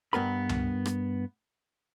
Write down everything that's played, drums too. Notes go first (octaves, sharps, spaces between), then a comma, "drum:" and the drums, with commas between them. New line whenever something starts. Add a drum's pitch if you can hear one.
G2 B3 A#4 B5
drum: tom C#2
drum: rim click